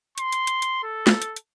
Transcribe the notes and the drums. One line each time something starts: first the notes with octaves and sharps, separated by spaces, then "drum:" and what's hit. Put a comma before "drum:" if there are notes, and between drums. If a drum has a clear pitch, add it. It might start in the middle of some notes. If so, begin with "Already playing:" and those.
C6, drum: hi-hat
drum: hi-hat
drum: hi-hat
drum: hi-hat
A4
drum: snare
drum: hi-hat
drum: hi-hat